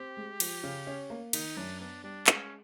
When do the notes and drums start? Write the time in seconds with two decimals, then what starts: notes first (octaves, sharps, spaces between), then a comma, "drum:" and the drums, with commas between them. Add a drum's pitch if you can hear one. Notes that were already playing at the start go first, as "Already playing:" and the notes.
Already playing: C4 G4
0.17 G#3
0.40 F3, drum: cymbal
0.64 C#3
0.87 C#4
1.10 A#3
1.33 D#3 D#4, drum: cymbal
1.56 F#2 D4
1.80 B3 D4
2.03 G3 D4
2.27 G#3 C#4, drum: clap